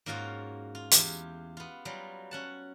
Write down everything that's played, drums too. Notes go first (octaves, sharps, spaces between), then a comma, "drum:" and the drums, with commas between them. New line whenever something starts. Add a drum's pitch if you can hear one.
G#2 A#3 C#4 F4 F#4 F5
F4
E2 F4 G4 G#5, drum: hi-hat
B3 F4
F#3 G3 F4
C#4 F#5 A5